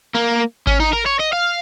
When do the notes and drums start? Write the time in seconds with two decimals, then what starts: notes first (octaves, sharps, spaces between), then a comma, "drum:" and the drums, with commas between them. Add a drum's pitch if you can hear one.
0.15 A#3
0.67 C#4, drum: kick G#1
0.80 D#4
0.93 A#4
1.06 C#5
1.19 D#5
1.32 F5